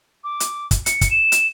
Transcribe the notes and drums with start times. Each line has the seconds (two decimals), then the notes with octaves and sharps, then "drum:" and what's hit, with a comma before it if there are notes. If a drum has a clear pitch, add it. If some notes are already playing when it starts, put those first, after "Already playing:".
0.24 D6
0.40 drum: hi-hat
0.71 drum: kick, hi-hat
0.86 C#7, drum: hi-hat
1.01 drum: kick, hi-hat
1.11 E7
1.32 drum: hi-hat